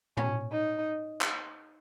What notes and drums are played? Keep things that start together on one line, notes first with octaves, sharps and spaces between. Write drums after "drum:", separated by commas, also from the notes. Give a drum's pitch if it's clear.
C#4, drum: tom A2
D#4
drum: clap